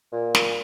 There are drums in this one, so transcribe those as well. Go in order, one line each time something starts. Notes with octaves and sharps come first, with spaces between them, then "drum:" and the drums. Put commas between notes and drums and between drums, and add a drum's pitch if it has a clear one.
A#2
drum: snare